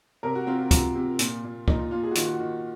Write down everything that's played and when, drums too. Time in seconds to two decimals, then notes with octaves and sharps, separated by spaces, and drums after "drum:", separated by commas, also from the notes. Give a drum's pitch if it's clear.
0.23 C3 A#4
0.35 F#4
0.47 C4 F4
0.59 F4
0.71 C3 F4, drum: kick C#2, hi-hat
0.95 C3
1.19 A#2, drum: hi-hat
1.44 A#2
1.68 A#2 D#4, drum: kick C#2
1.79 F4
1.91 A#2 F4
2.03 G#4
2.11 F#4
2.15 D#3 F4, drum: hi-hat
2.26 F#4
2.40 D#3